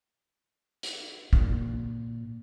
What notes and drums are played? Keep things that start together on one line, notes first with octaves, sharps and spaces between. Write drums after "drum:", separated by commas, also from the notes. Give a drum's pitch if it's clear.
drum: hi-hat
A#2, drum: kick